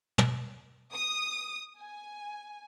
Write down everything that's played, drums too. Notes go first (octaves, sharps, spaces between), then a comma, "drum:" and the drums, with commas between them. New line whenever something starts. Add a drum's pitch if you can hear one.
drum: tom
D#6
G#5